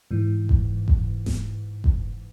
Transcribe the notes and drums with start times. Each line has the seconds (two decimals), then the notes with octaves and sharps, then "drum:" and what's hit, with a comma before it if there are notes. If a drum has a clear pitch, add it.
0.11 G#2 E3
0.49 drum: kick F#1
0.88 drum: kick F#1
1.26 drum: snare E1
1.84 drum: kick F#1